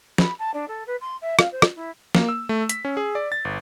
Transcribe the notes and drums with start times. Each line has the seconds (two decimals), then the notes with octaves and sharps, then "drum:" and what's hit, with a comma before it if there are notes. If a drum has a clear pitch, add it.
0.18 B5, drum: snare
0.39 A5
0.54 D4
0.68 A4
0.87 B4
1.01 C6
1.21 E5
1.39 F5, drum: rim click
1.52 C5
1.62 drum: rim click
1.75 E4
2.15 A#3, drum: snare
2.29 E6
2.49 A3
2.69 B6, drum: hi-hat
2.85 C#4
2.97 G#4
3.15 D5
3.32 A6
3.45 G1